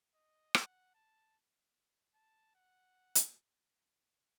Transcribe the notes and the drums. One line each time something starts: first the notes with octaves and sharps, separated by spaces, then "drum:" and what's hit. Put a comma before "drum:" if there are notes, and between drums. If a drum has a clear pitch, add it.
D#5
F#5, drum: rim click
A5
A5
F#5
drum: hi-hat